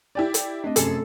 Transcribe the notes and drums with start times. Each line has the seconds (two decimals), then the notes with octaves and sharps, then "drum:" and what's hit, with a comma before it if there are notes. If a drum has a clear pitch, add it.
0.15 E4 G4 D5
0.34 drum: hi-hat
0.64 A3 C4 D4 D#5
0.76 F1 F#2 G#4 A4, drum: hi-hat